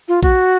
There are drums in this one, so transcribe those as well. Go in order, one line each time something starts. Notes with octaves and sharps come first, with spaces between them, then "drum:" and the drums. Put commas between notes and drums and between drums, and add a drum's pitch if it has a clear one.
F4
F#4, drum: kick A#1